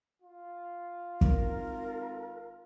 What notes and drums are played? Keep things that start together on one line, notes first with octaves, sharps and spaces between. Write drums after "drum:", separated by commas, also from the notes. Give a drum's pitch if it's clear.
F4
G#1 A#4, drum: kick